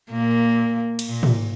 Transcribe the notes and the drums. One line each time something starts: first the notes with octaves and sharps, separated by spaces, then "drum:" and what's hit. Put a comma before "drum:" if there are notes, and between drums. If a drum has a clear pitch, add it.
A#2 A#3
drum: cymbal
A#2 A#3
drum: tom